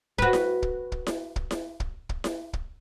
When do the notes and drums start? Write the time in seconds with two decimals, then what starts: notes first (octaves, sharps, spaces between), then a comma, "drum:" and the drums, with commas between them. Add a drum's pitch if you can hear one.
0.18 F#4 B4, drum: kick
0.33 drum: snare E4
0.62 drum: kick
0.92 drum: kick
1.07 drum: snare E4
1.36 drum: kick
1.51 drum: snare E4
1.80 drum: kick
2.09 drum: kick
2.24 drum: snare E4
2.53 drum: kick